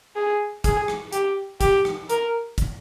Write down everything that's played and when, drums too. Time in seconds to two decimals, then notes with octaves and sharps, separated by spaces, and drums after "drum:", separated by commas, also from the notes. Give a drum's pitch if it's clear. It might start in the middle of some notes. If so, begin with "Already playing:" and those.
0.15 G#4
0.64 G#4, drum: kick, hi-hat
0.88 drum: rim click
1.13 G4, drum: hi-hat
1.61 G4, drum: kick, hi-hat
1.85 drum: rim click
2.10 A#4, drum: hi-hat
2.58 drum: kick, hi-hat